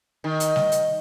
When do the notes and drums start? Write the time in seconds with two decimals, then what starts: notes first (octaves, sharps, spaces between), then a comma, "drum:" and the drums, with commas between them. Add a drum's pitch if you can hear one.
0.24 D#3
0.40 drum: hi-hat
0.56 drum: snare G3
0.72 drum: hi-hat